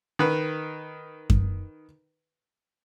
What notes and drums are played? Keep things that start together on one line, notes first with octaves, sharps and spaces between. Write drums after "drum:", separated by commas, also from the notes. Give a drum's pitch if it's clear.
D#3 B4
drum: kick F#2